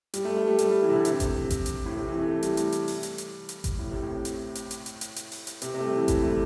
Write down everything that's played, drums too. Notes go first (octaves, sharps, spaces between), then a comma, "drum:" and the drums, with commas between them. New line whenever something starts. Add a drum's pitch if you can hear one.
G3, drum: hi-hat
A3
A3
G3
A3, drum: hi-hat
G3
E3
C3
D3
C3, drum: hi-hat
drum: kick G#1, hi-hat
drum: kick G#1, hi-hat
drum: hi-hat
A2
C3
E3
A3
A3
G3, drum: hi-hat
drum: hi-hat
drum: hi-hat
drum: open hi-hat
drum: hi-hat
drum: hi-hat
drum: hi-hat
drum: kick G#1, hi-hat
A2
C3
A2
drum: hi-hat
drum: hi-hat
drum: hi-hat
drum: hi-hat
drum: hi-hat
drum: hi-hat
drum: open hi-hat
drum: hi-hat
C3, drum: hi-hat
C3
A3
G3
E3
G3, drum: kick G#1, hi-hat
A3